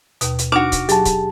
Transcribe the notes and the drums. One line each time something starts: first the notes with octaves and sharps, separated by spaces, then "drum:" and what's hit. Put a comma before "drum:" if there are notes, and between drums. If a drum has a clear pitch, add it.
D#2 B2, drum: hi-hat
drum: hi-hat
D4 D#4 F#4 D6 F6
drum: kick C#1, hi-hat
F#3 G4 G#4 A5, drum: hi-hat
drum: kick C#1, hi-hat